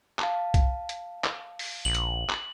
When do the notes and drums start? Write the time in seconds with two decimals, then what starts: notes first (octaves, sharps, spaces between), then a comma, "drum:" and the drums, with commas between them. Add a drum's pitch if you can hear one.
0.19 F5 A5, drum: clap
0.54 drum: kick B1, hi-hat
0.89 drum: hi-hat
1.24 drum: clap
1.59 drum: open hi-hat
1.85 A#1 F#7
1.94 drum: hi-hat
2.30 drum: clap